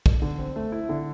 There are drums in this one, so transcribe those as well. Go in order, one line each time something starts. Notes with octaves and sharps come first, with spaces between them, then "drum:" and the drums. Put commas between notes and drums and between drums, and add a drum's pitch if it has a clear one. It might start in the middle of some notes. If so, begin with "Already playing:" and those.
drum: kick
D3
C4
A3
E4
D3